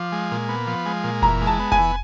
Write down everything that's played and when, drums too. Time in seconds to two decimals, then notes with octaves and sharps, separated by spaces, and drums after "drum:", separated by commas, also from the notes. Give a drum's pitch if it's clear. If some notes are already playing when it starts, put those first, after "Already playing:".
Already playing: F3 D6
0.12 G#3
0.31 A#2
0.49 B3
0.67 F3
0.86 G#3
1.04 A#2
1.22 E3 A#5, drum: kick F1
1.42 G#3
1.47 A5
1.59 B3
1.72 G#5, drum: kick F1
1.78 E3